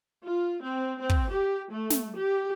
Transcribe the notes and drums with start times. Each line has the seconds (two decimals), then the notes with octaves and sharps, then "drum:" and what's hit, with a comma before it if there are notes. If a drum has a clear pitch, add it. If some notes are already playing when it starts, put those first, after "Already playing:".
0.23 F4
0.61 C4
0.98 C4
1.09 drum: kick
1.30 G4
1.70 A3
1.90 drum: snare
2.15 G4